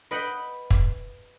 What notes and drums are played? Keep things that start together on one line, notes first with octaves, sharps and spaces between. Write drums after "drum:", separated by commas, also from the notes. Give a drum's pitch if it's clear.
B4 D#5 F#5 G5 B5
drum: kick